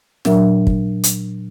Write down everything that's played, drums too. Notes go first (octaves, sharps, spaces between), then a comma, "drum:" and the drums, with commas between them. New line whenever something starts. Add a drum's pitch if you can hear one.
A#2 F#3 D4 A#4 E5, drum: snare
drum: kick
drum: hi-hat